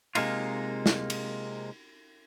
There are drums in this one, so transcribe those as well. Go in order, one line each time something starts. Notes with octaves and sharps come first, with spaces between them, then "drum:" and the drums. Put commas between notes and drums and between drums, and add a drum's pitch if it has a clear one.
C3 G#3 A#3 D#4 F4, drum: cymbal
drum: snare
drum: cymbal